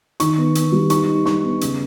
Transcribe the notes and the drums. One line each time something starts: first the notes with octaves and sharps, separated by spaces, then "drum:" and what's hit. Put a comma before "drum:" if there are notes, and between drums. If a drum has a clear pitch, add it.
D#3 C#6, drum: hi-hat
B3
B3, drum: hi-hat
G3
D#4 C#6, drum: hi-hat
D#4
D#4 C#6, drum: snare
B3
C#3, drum: hi-hat